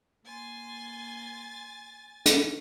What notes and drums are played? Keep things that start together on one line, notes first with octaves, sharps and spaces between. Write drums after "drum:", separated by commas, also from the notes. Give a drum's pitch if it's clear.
A#3 G#5 C6 A6
drum: hi-hat